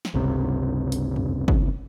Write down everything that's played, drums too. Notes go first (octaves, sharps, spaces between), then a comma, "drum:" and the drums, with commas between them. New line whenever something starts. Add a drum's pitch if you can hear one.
drum: snare
G1 C#2 C3
drum: hi-hat
drum: tom F2
drum: kick